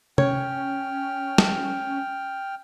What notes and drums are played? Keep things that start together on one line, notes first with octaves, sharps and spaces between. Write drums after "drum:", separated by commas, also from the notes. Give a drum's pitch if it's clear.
C#4 C#5 G5 F6, drum: tom C3
drum: snare